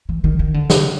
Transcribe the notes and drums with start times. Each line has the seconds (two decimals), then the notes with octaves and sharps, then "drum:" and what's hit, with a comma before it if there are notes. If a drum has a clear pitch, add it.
0.09 E3
0.24 D#3
0.39 D#3
0.54 D3
0.70 drum: snare